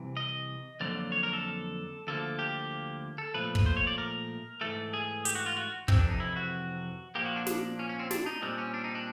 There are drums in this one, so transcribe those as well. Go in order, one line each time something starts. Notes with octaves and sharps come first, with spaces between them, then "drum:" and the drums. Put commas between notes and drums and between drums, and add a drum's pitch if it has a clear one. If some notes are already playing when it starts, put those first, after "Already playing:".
Already playing: C2 C3 E3
D#5
F2 D3 F#3 A#3 D5
C#5
A#4
A4
D2 D3 F3 A#3 A4
G4
A4
A#2 F3 A3 B4
drum: kick
C5
C#5
D5
A#4
G#2 E3 A3 A4
G#4
G4, drum: hi-hat
F#4
F4
F#4
F2 C3 E3 C4, drum: kick
D4
D#4
E4
F#4
A#2 F3 A#3 G4
F#4
D4
D4, drum: snare
C#4
C#4
C4
D4, drum: snare
D#4
A#2 G3 C4 D4
C#4
D4
D#4
D4